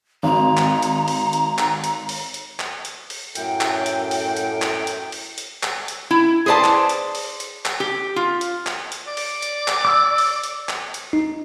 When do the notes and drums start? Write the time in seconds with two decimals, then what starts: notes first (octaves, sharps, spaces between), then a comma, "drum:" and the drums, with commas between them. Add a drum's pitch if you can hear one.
0.23 G#1 D#4 F#4 A#5
0.57 drum: clap
0.82 drum: hi-hat
1.08 drum: open hi-hat
1.33 drum: hi-hat
1.58 drum: clap
1.84 drum: hi-hat
2.09 drum: open hi-hat
2.34 drum: hi-hat
2.59 drum: clap
2.85 drum: hi-hat
3.10 drum: open hi-hat
3.35 F#2 A2 G5, drum: hi-hat
3.61 drum: clap
3.86 drum: hi-hat
4.11 drum: open hi-hat
4.37 drum: hi-hat
4.62 drum: clap
4.87 drum: hi-hat
5.12 drum: open hi-hat
5.38 drum: hi-hat
5.63 drum: clap
5.88 drum: hi-hat
6.11 E4
6.46 G#4 B4 C5 D5 A5
6.64 drum: clap
6.89 drum: hi-hat
7.15 drum: open hi-hat
7.40 drum: hi-hat
7.65 drum: clap
7.80 G4
8.16 F4
8.41 drum: hi-hat
8.66 drum: clap
8.92 drum: hi-hat
9.08 D5
9.17 drum: open hi-hat
9.42 drum: hi-hat
9.68 drum: clap
9.85 D6 E6
10.18 drum: open hi-hat
10.44 drum: hi-hat
10.69 drum: clap
10.94 drum: hi-hat
11.13 D#4